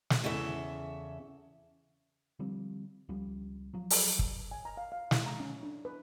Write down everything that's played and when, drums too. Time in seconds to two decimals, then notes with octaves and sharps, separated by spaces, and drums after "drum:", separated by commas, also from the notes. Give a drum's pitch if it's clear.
0.10 drum: snare
0.24 E2 C#3 A4 E5
2.39 D3 F3 G3 C4
3.09 C#2 F3 G3 C#4
3.74 F3 F#3
3.90 drum: open hi-hat
4.19 drum: kick
4.51 G#5
4.65 A#5
4.77 F5
4.92 F5
5.11 E4, drum: snare
5.26 A#5
5.40 C#4
5.63 D4
5.85 B4